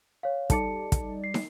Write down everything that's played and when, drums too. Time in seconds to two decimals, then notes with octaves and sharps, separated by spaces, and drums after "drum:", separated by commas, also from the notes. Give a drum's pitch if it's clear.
0.23 C#5 F5
0.50 G3 D#4 A4 D5 A5 C#7, drum: kick, hi-hat
0.92 drum: kick, hi-hat
1.24 C7
1.34 drum: snare